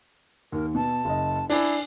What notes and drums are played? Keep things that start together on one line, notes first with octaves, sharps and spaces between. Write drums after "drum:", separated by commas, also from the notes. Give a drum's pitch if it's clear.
D#2 A#4
B2 A5
F#1 D#5
D4 E4 G#5, drum: open hi-hat